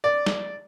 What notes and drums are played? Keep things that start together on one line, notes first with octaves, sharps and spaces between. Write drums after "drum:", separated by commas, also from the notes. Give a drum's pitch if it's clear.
D5
drum: snare